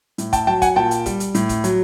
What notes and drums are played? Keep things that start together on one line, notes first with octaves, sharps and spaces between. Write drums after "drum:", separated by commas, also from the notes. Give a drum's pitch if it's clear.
A2, drum: hi-hat
G5 A5, drum: kick G#1, hi-hat
F#3 G5 A5
F#5 G#5, drum: kick G#1, hi-hat
A#2 G5 A5
drum: hi-hat
G3, drum: kick G#1, hi-hat
drum: hi-hat
A2, drum: hi-hat
drum: kick G#1, hi-hat
F#3, drum: hi-hat